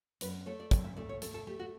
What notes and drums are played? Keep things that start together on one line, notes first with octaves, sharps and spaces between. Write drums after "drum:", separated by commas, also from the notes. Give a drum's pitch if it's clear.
F#2 B4, drum: hi-hat
A3 C#5
D5
F#2 D5, drum: kick, hi-hat
E5
A3 D5
C#5
A3 A4, drum: hi-hat
A4
A3 G4
F#4